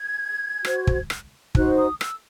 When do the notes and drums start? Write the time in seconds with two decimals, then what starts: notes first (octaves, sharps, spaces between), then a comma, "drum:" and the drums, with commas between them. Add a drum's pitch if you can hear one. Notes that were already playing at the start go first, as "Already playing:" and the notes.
Already playing: G#6
0.65 F#4 C5, drum: rim click
0.87 drum: kick
1.10 drum: rim click
1.55 D#4 F#4 C5 F#6, drum: kick
1.78 D#6
2.01 E6, drum: rim click